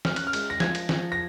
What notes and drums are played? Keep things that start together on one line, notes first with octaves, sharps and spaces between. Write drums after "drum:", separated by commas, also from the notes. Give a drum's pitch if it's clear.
C#4 F6, drum: snare
F#6, drum: cymbal
F6
G#3, drum: cymbal
A#6
F3 G#6, drum: snare
drum: cymbal
F3, drum: snare
A#6